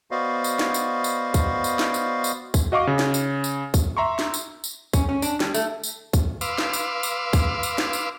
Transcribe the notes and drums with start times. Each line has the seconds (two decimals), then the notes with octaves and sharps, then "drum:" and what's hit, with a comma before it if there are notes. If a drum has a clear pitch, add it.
0.11 B3 F#4 C5 D5 D#5 F5
0.44 drum: tambourine
0.59 drum: snare
0.74 drum: tambourine
1.04 drum: tambourine
1.34 drum: kick, tambourine
1.64 drum: tambourine
1.79 drum: snare
1.94 drum: tambourine
2.24 drum: tambourine
2.54 drum: kick, tambourine
2.72 F#4 D#5 F5 C#6 D6
2.87 C#3
2.99 drum: snare
3.14 drum: tambourine
3.44 drum: tambourine
3.74 drum: kick, tambourine
3.97 E5 A#5 C6 C#6
4.19 drum: snare
4.34 drum: tambourine
4.64 drum: tambourine
4.93 C#4, drum: kick, tambourine
5.09 C#4
5.22 D4, drum: tambourine
5.40 G3, drum: snare
5.54 A3, drum: tambourine
5.83 drum: tambourine
6.13 drum: kick, tambourine
6.41 B4 F5 C6 D6 E6, drum: tambourine
6.58 drum: snare
6.73 drum: tambourine
7.03 drum: tambourine
7.33 drum: kick, tambourine
7.63 drum: tambourine
7.78 drum: snare
7.93 drum: tambourine